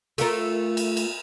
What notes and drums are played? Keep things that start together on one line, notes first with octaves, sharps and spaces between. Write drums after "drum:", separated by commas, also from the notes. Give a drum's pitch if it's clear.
A3 F4 A#4, drum: cymbal
drum: cymbal
drum: cymbal